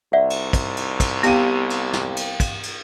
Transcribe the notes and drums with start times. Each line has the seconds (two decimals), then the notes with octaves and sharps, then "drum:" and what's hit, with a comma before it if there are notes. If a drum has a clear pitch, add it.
0.13 C2 D5 E5 F#5
0.30 drum: cymbal
0.53 drum: kick, cymbal
0.77 drum: cymbal
1.00 drum: kick, cymbal
1.23 B3 G4 F5 D#7, drum: cymbal
1.70 drum: cymbal
1.93 drum: snare
2.17 drum: cymbal
2.40 drum: kick, cymbal
2.63 drum: cymbal